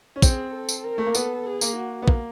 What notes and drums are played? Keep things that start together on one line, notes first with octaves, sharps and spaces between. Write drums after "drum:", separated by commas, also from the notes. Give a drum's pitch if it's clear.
C#4
C4 G#4, drum: kick, tambourine
A4
drum: tambourine
A#4
A3
A#3
B3 A4, drum: tambourine
G#4
A#3, drum: tambourine
F#4
B3
A#3, drum: kick